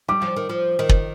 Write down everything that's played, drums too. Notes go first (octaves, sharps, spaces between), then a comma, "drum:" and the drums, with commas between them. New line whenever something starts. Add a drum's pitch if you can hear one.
G3 D6
F3
D#3
F3
D#3
drum: kick